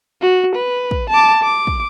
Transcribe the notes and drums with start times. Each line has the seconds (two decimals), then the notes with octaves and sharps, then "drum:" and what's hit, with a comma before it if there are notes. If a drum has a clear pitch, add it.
0.22 F#4
0.56 B4
0.91 drum: kick
1.10 A5 D6
1.43 D6
1.67 drum: kick